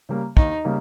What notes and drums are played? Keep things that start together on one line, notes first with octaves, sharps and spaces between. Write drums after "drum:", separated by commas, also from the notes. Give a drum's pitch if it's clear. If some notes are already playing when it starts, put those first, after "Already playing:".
C#3 G3 A#3
D#2 D#4, drum: kick
C#3 G3 A#3